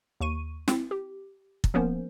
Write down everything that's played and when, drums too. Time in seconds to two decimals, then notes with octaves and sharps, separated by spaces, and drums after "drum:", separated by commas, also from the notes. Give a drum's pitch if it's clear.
0.20 D#2 C#6 D#7
0.68 C4 E4, drum: snare
0.91 G4
1.64 drum: kick
1.74 F3 A#3 B3 C#4 A#4 C5